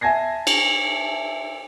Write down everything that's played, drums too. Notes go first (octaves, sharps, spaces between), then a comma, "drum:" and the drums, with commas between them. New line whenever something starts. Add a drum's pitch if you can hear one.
E5 G#5 A5 G#6 A#6 C7
drum: cymbal